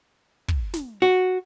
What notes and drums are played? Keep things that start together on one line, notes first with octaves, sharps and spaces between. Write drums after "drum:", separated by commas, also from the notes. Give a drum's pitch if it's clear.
drum: kick
drum: snare
F#4